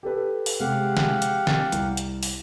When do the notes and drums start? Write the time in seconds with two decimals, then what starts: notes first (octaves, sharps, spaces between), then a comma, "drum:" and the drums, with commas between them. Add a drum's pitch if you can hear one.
0.03 G4 A4 B4
0.46 drum: open hi-hat
0.60 C3 G#3 G4 F5 F#5
0.97 drum: snare
1.22 drum: hi-hat
1.47 A6, drum: snare
1.72 C2, drum: hi-hat
1.97 drum: hi-hat
2.23 drum: open hi-hat